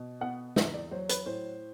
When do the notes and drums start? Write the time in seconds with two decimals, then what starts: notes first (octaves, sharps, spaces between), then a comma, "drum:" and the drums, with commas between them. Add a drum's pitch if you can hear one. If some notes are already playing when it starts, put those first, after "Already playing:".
Already playing: B2
0.21 B3 F#5
0.56 E2 E5, drum: snare
0.74 D5
0.91 F#3 C5
1.09 B4, drum: hi-hat
1.26 A2 C5